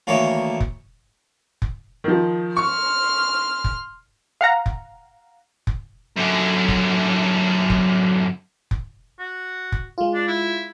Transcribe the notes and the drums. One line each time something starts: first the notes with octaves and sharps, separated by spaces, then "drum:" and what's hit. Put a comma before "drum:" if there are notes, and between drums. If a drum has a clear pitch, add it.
D2 D#3 E3 A#3 C#5
drum: kick F1
drum: kick F1
D#3 F3
C6 C#6 F6
drum: kick F1
F5 F#5 A#5
drum: kick F1
drum: kick F1
F#2 D3
drum: kick F1
drum: kick F1
drum: kick F1
F#4
drum: kick F1
G#3 F4
D4
E4